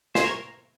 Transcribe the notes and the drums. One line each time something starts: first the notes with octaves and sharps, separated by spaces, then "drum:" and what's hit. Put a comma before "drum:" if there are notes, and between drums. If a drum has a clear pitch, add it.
G#4 C5, drum: snare
A#4 C#5